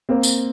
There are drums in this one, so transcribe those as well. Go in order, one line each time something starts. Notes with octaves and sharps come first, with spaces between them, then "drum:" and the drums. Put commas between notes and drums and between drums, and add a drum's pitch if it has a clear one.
A#3 C4
drum: tambourine